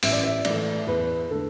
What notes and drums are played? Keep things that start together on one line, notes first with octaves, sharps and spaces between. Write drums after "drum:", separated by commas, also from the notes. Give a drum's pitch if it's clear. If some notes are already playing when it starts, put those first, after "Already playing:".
A1 E5, drum: open hi-hat
D5
E5
A2 E3 A3 D5, drum: cymbal
E2 B4
D3 A3 A4